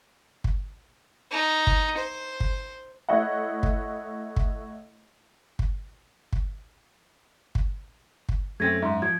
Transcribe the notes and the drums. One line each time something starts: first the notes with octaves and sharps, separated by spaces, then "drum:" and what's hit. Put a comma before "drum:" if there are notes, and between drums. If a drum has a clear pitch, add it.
drum: kick
D#4
drum: kick
C5
drum: kick
A3 E4 C#5 D#5 E5 F#5
drum: kick
drum: kick
drum: kick
drum: kick
drum: kick
drum: kick
F#2 A3 C4 C#4 G#6 A#6
G#2 E5 C6
F3 G#6